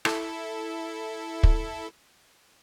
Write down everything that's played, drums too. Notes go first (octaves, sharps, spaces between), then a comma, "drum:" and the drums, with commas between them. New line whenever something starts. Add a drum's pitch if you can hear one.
E4 A4, drum: rim click
drum: kick